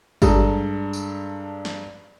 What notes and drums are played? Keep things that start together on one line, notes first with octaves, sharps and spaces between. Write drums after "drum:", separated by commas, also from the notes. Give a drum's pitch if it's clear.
G2 G#3 D4 A4 A#5 D#6, drum: kick, tambourine
drum: tambourine
drum: snare